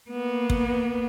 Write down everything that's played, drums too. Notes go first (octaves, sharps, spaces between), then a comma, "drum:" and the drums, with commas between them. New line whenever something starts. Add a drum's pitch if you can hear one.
A#3 B3
drum: kick